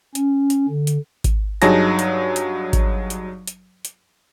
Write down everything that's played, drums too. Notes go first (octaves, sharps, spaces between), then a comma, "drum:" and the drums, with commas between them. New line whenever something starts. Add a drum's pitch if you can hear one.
C#4, drum: hi-hat
drum: hi-hat
D3
drum: hi-hat
drum: kick G#1, hi-hat
G2 F#3 D#4 G#4 A5 A#6, drum: hi-hat
drum: hi-hat
drum: hi-hat
drum: kick G#1, hi-hat
drum: hi-hat
drum: hi-hat
drum: hi-hat